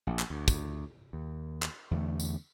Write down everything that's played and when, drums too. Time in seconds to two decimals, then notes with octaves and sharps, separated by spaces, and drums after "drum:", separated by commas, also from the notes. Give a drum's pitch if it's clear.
0.07 A#1
0.19 drum: clap
0.30 D2
0.48 drum: kick, tambourine
1.13 D#2
1.62 drum: clap
1.91 E2 D3 A3
2.20 drum: tambourine